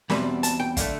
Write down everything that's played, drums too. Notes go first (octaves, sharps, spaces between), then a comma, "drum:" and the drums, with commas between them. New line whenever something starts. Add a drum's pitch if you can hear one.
E2 B2 G3 C4 B5, drum: snare
A5, drum: hi-hat
G5
D3 A3 F5, drum: kick, hi-hat